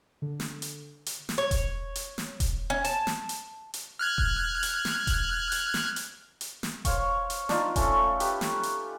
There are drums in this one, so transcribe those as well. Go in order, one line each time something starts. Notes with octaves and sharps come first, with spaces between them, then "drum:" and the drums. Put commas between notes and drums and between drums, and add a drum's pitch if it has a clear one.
D3
drum: snare
drum: hi-hat
drum: hi-hat
drum: snare
C#5
drum: kick E1, hi-hat
drum: hi-hat
drum: snare
drum: kick E1, hi-hat
C#4
A5, drum: hi-hat
drum: snare
drum: hi-hat
drum: hi-hat
F6 F#6 G#6
drum: kick E1
drum: hi-hat
drum: snare
drum: kick E1, hi-hat
drum: hi-hat
drum: snare
drum: hi-hat
drum: hi-hat
drum: snare
C5 C#5 F5 C#6, drum: kick E1, hi-hat
drum: hi-hat
D4 D#4 F4, drum: snare
A3 C#4, drum: kick E1, hi-hat
A3
G4 B4, drum: hi-hat
drum: snare
drum: hi-hat